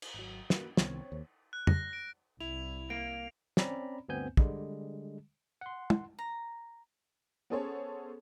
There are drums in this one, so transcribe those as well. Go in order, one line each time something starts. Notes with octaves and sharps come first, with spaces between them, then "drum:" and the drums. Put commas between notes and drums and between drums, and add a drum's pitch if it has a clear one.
drum: cymbal
G#1 F#3
A#3 F#4 B4, drum: snare
C2 D#3 B3 C4 C#5, drum: snare
D#2
F#6
A#6, drum: tom
D7
C2 E4 F7
A#3 D7
C4 C#4 D5 A#5 B5, drum: snare
D2 G2 B3 C4 G#5 G6
D3 G3 G#3, drum: kick
F#5 C6
drum: tom
A#5
B3 C#4 G#4 A4 C5 C#5